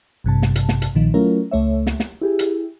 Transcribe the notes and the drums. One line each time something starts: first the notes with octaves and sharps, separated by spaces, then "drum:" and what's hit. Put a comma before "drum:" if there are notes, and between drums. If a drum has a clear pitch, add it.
A1 G2 C3 A5
drum: snare
drum: hi-hat
drum: snare
drum: hi-hat
B1 A#2 D#3 F3
F#3 A3 C#4 E4 F4 A#4
C#2 A3 C#5 E5
drum: snare
drum: snare
E4 G4 G#4
drum: hi-hat